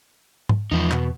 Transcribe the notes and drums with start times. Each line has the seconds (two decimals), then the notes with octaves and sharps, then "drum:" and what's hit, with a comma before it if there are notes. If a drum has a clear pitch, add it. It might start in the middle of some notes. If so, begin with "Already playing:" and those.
0.49 drum: tom G#2
0.71 E2 F3 D#4
0.91 B2, drum: clap